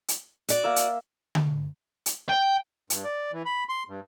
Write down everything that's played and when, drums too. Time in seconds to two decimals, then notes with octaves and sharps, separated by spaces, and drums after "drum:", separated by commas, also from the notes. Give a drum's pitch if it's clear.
0.08 drum: hi-hat
0.49 F#4 D5, drum: hi-hat
0.64 A#3 E5
0.76 drum: hi-hat
1.35 drum: tom D3
2.06 drum: hi-hat
2.29 G5
2.90 G2, drum: hi-hat
3.04 D5
3.32 E3
3.45 B5
3.69 C6
3.88 G2